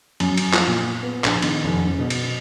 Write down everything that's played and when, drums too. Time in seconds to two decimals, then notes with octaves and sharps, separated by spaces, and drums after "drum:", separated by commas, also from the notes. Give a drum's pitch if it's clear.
0.20 F#2, drum: cymbal
0.37 drum: cymbal
0.54 F3, drum: clap
0.67 A#2
1.02 B3
1.24 A#1, drum: clap
1.42 D#3, drum: cymbal
1.64 F1
1.85 F#1
1.99 B2
2.10 drum: cymbal